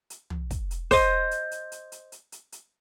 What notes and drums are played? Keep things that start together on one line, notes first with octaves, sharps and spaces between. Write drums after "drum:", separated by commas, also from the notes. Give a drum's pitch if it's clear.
drum: hi-hat
drum: tom
drum: kick, hi-hat
drum: hi-hat
C5 D#5, drum: kick, open hi-hat
drum: hi-hat
drum: hi-hat
drum: hi-hat
drum: hi-hat
drum: hi-hat
drum: hi-hat
drum: hi-hat